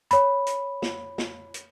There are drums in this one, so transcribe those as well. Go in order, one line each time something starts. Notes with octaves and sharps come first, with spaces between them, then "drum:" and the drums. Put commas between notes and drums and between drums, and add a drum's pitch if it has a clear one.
C#5 B5, drum: hi-hat
drum: hi-hat
drum: snare
drum: snare
drum: hi-hat